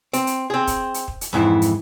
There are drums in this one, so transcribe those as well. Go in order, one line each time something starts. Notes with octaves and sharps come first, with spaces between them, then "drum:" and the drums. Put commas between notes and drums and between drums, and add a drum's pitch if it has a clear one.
C4, drum: hi-hat
drum: hi-hat
C4 G#4
drum: kick, hi-hat
drum: hi-hat
drum: kick
drum: hi-hat
F2 G#2 E3 E4
drum: hi-hat